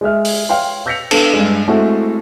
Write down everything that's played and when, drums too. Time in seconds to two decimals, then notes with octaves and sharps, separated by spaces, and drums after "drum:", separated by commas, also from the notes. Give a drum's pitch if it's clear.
0.01 G#3 G#4 E5 F6
0.25 drum: open hi-hat
0.49 C#5 F5 G5 C6
0.86 E6 G6 A#6 B6 C#7 F7
1.11 B3 D4 A4, drum: cymbal
1.34 G2 G#3
1.68 G#3 A3 C4 E4 F#4